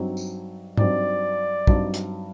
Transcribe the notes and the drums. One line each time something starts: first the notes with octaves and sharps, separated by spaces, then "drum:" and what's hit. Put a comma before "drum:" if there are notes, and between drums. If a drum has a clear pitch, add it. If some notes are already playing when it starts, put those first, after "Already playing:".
Already playing: G2 F#3 C4 D#4
drum: tambourine
G2 F#3 C4 D#4 D5, drum: tom G#2
G2 F#3 C4 D#4, drum: kick
drum: hi-hat